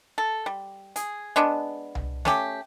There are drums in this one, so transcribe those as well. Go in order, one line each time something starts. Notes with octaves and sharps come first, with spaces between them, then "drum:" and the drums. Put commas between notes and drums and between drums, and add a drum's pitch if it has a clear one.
A4
G3
G#4, drum: hi-hat
G#3 B3 D4
drum: tom C2
A3 C#4 G4, drum: snare